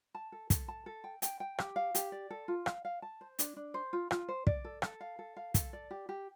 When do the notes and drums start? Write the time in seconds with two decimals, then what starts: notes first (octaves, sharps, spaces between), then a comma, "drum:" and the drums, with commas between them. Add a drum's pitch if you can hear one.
0.15 A5
0.32 A4
0.50 A4, drum: kick, hi-hat
0.68 A5
0.86 A4
1.04 G5
1.22 G5, drum: hi-hat
1.40 G5
1.58 G4, drum: rim click
1.76 F5
1.95 G4, drum: hi-hat
2.12 D5
2.30 A4
2.48 F4
2.66 F5, drum: rim click
2.85 F5
3.02 A5
3.21 C5
3.39 D4, drum: hi-hat
3.56 D4
3.74 C5
3.93 F4
4.11 F4, drum: rim click
4.28 C5
4.47 D5, drum: kick
4.64 A4
4.82 A4, drum: rim click
5.01 F5
5.19 A4
5.37 F5
5.54 A4, drum: kick, hi-hat
5.73 D5
5.91 G4
6.09 G4